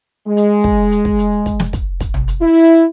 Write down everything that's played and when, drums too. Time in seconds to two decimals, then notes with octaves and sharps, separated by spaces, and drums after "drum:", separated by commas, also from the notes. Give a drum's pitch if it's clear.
0.27 G#3
0.37 drum: hi-hat
0.64 drum: kick
0.91 drum: hi-hat
1.05 drum: kick
1.19 drum: hi-hat
1.46 drum: kick, hi-hat
1.60 drum: snare
1.73 drum: kick, hi-hat
2.00 drum: kick, hi-hat
2.14 drum: tom
2.28 drum: hi-hat
2.41 E4